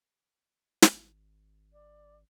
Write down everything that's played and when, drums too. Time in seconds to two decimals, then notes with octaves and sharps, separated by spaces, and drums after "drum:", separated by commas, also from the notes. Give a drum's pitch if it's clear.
0.82 drum: snare
0.93 G#1
1.73 D5